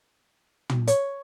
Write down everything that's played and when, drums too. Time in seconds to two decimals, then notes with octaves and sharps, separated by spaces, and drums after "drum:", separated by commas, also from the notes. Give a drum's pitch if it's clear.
0.69 drum: tom
0.87 C#5, drum: hi-hat